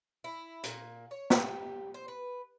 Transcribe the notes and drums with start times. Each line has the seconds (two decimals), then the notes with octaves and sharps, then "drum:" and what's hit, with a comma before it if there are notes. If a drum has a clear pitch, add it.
0.24 E4
0.64 A#2, drum: hi-hat
1.11 C#5
1.30 G4, drum: snare
1.94 C5
2.08 B4